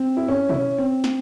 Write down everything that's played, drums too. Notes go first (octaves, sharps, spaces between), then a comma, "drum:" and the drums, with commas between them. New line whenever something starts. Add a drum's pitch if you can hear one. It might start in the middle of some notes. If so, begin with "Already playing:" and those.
Already playing: C4
E4
C#4
E4, drum: tom B2
C#4
C4
drum: snare